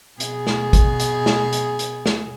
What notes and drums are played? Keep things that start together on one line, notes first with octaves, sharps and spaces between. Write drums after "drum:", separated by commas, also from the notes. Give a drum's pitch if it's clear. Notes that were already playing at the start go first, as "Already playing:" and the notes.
B2 G#4, drum: hi-hat
drum: snare
drum: kick, hi-hat
drum: hi-hat
drum: snare
drum: hi-hat
drum: hi-hat
drum: snare